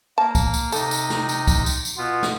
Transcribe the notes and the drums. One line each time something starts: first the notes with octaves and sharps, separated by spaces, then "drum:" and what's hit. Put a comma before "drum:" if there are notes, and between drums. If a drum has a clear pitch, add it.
A#3 A5
drum: kick C2, tambourine
drum: tambourine
C3 D#4 A4, drum: tambourine
drum: tambourine
drum: snare
drum: tambourine
drum: kick C2, tambourine
drum: tambourine
drum: tambourine
B2 B3 F4
drum: snare